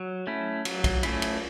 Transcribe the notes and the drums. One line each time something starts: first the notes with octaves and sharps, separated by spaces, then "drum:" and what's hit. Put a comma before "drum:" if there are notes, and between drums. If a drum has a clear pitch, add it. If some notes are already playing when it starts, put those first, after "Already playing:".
Already playing: F#3
A3 C#4 E4
F#3, drum: cymbal
drum: kick B1, cymbal
A3 C#4 E4, drum: cymbal
drum: cymbal